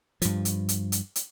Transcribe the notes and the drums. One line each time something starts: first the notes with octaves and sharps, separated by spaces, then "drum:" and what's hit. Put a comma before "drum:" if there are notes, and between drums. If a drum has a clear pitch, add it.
G2 F3, drum: hi-hat
drum: hi-hat
drum: hi-hat
drum: hi-hat
drum: hi-hat